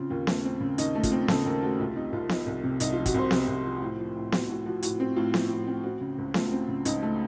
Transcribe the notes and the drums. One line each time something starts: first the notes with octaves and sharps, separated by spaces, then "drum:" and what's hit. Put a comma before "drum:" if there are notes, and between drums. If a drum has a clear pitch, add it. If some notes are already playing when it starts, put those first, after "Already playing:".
Already playing: C#3 C4 F4
D#2 F4
A3, drum: snare B3
C4
C#3
D#2 D#4, drum: hi-hat
A3
F4, drum: kick, hi-hat
C4
C#3 A4, drum: snare B3
D#2 A#4
A3 F#4
C2 F4
C3 D#4
C2 F4
F3 D#4, drum: snare B3
C2
C3
C2 D#4, drum: hi-hat
F3 F4
F#4, drum: kick, hi-hat
C2 C5
C3, drum: snare B3
C2
F3
A2
F3
A2
C4 F#4, drum: snare B3
A2 F#4
F3 F#4
A2 F#4, drum: hi-hat
C4
A2 F4
F3, drum: snare B3
A2
C4
C4 F#4
C#3
C#2
A3 F4, drum: snare B3
C4
C#3
C#2 D#4, drum: hi-hat
A3